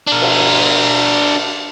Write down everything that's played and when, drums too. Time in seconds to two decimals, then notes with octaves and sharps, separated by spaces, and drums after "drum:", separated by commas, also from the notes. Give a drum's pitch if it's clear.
0.07 D4 A#4
0.21 drum: cymbal